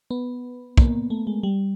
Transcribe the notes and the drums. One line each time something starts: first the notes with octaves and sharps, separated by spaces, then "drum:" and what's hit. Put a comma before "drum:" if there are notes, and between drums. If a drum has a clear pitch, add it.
B3
A#3, drum: kick
A3
G#3
G3